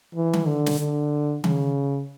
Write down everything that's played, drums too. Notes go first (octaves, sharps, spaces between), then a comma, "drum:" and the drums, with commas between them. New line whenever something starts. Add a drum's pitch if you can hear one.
E3
drum: tom D#3
D3
drum: snare
D3
C#3, drum: tom D#3